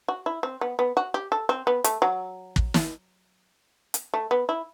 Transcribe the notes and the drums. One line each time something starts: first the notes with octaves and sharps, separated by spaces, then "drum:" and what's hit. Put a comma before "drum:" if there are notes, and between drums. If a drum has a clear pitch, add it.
F#4
E4
C4
B3
B3
F#4
G4
A4
C4
B3
A3, drum: hi-hat
F#3
drum: kick
drum: snare
drum: hi-hat
A3
B3
E4